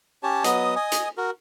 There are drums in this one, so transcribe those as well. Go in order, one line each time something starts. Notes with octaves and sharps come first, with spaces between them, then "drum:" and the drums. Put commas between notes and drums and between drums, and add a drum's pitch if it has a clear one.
C#4 G4 C#5 A5
F#3 B3 D#5 D#6, drum: hi-hat
D#5 G#5 D#6
drum: hi-hat
F#4 A#4